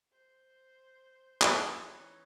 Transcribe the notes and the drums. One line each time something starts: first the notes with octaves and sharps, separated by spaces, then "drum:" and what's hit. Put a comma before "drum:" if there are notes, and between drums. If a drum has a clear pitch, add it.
C5
drum: clap
E3 C#4 D#4